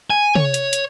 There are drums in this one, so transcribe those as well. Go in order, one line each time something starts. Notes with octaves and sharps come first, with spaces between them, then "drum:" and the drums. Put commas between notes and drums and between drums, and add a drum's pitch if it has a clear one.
G#5
C#5, drum: tom
drum: hi-hat
drum: hi-hat